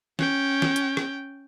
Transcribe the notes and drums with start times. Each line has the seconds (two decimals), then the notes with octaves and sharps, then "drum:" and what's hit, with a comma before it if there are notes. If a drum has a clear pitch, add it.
0.19 C#4 G5, drum: snare
0.62 drum: snare
0.76 drum: hi-hat
0.97 drum: rim click